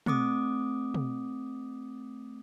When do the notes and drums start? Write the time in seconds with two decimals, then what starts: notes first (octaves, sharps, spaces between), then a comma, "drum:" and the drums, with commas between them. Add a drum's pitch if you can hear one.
0.06 A3 C4 D6 D#6, drum: tom
0.94 drum: tom